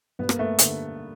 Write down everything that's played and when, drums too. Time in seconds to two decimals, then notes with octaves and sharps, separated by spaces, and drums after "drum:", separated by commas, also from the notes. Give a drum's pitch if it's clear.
0.19 G2 B3
0.29 A#3, drum: rim click
0.39 A3 B3
0.59 D3, drum: hi-hat